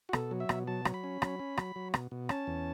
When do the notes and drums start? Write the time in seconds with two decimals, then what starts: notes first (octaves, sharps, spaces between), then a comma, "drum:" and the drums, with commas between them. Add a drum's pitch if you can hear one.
0.09 F#4
0.13 B2 A4, drum: rim click
0.31 F#3
0.40 E5
0.49 B2, drum: rim click
0.67 F#3 A5
0.85 F#3, drum: rim click
0.94 B5
1.04 C#4
1.22 F#3, drum: rim click
1.39 C#4
1.57 F#3, drum: rim click
1.76 F#3
1.94 B2, drum: rim click
2.11 B2
2.29 C#4 A5, drum: rim click
2.47 E2